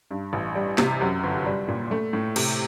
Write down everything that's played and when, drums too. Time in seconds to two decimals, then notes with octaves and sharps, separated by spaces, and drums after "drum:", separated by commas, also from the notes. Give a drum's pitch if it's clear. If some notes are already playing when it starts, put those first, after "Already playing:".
0.11 G2
0.33 A1
0.55 G3
0.78 C3, drum: snare
1.01 F#2
1.24 G1
1.46 G3
1.68 A#2
1.91 A3
2.13 A2
2.36 C3, drum: cymbal